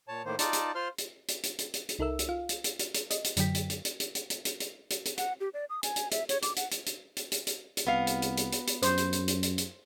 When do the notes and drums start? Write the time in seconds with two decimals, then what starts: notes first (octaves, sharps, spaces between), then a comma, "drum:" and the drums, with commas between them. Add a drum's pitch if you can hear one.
0.08 A#2 C#5 A5
0.25 A2 D#3 A#3 C5
0.39 D#4 F4 D5 A5, drum: hi-hat
0.53 drum: hi-hat
0.75 F4 C5 C6 F6
0.98 drum: hi-hat
1.28 drum: hi-hat
1.43 drum: hi-hat
1.59 drum: hi-hat
1.74 drum: hi-hat
1.89 drum: hi-hat
1.99 C2 D#4 A4 A#4 E5 E6
2.19 drum: hi-hat
2.29 F4 F5
2.49 drum: hi-hat
2.64 drum: hi-hat
2.79 drum: hi-hat
2.94 drum: hi-hat
3.10 D#5, drum: hi-hat
3.24 drum: hi-hat
3.37 F#2 D3 F#3 G5 B6, drum: hi-hat
3.55 drum: hi-hat
3.70 drum: hi-hat
3.85 drum: hi-hat
4.00 drum: hi-hat
4.15 drum: hi-hat
4.30 drum: hi-hat
4.45 drum: hi-hat
4.60 drum: hi-hat
4.90 drum: hi-hat
5.05 drum: hi-hat
5.18 F#5, drum: hi-hat
5.40 G4
5.54 D5
5.70 D#6
5.83 G#5, drum: hi-hat
5.96 drum: hi-hat
6.11 E5, drum: hi-hat
6.29 C#5, drum: hi-hat
6.42 D6, drum: hi-hat
6.56 F#5, drum: hi-hat
6.71 drum: hi-hat
6.86 drum: hi-hat
7.17 drum: hi-hat
7.32 drum: hi-hat
7.47 drum: hi-hat
7.77 drum: hi-hat
7.87 C2 B3 F5
8.07 drum: hi-hat
8.22 drum: hi-hat
8.37 drum: hi-hat
8.52 drum: hi-hat
8.67 drum: hi-hat
8.82 F#2 C5, drum: hi-hat
8.98 drum: hi-hat
9.13 drum: hi-hat
9.28 drum: hi-hat
9.43 drum: hi-hat
9.58 drum: hi-hat